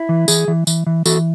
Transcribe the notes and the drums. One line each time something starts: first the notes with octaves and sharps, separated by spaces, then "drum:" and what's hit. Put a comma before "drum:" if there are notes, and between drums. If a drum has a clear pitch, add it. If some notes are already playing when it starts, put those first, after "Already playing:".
Already playing: E4
E3
E3 G#4, drum: tambourine
E3
E3, drum: tambourine
E3
E3 F#4 A4, drum: tambourine